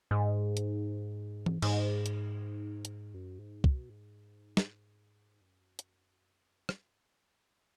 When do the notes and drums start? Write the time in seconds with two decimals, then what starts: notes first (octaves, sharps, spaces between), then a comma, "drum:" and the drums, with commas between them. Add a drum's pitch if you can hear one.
0.11 G#2
0.57 drum: hi-hat
1.46 drum: tom E3
1.62 G#2, drum: cymbal
2.06 drum: hi-hat
2.85 drum: hi-hat
3.14 F#2
3.38 G#2
3.64 B2, drum: kick
3.89 G#2
4.57 drum: snare
5.41 F#2
5.79 drum: hi-hat
6.69 drum: rim click
6.92 G#2